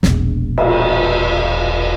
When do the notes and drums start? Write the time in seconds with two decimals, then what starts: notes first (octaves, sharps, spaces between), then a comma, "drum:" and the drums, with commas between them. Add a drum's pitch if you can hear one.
0.03 E1 A#1, drum: snare
0.58 drum: cymbal